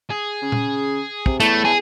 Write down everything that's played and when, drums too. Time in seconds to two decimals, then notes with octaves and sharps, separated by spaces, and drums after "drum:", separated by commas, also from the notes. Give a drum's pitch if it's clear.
0.10 G#4
0.42 C#3
0.52 drum: tom A#2
1.26 C3, drum: kick
1.40 E2 A3 E4 A5, drum: hi-hat
1.65 G#4